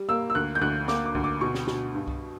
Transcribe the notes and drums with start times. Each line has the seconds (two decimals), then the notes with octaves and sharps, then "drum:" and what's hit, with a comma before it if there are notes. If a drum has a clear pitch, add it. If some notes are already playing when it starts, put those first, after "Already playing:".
Already playing: G3
0.09 A#3 E6
0.30 E6
0.35 D2 F#6
0.55 G6
0.61 D2 F#6
0.88 A#3 D6, drum: snare
1.06 D6
1.15 D2, drum: kick C2
1.24 D6
1.41 B2 C#6
1.55 drum: snare
1.67 B2, drum: snare
1.94 G2
2.08 drum: kick C2